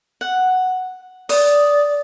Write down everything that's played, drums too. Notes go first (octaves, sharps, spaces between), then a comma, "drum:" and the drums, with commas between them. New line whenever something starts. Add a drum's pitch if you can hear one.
F#5
D5 D#6, drum: open hi-hat